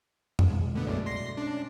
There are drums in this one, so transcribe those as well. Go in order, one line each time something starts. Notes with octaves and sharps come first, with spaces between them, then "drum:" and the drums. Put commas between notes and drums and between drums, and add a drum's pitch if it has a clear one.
drum: tom
B2 G#3
D3 A3 B3
B1 F#2 A2 D5
C6 A#6 C7
C#4 D4